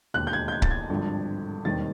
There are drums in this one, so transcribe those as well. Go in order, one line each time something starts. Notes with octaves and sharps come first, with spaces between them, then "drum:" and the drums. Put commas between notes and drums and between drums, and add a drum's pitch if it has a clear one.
E1 D#2 D3 F#6
G6
G#6
G6
G#6
A6, drum: kick C#1
G#6
G#1 G2 D3 F3
E1 D#2 D#3 G3 C4 A6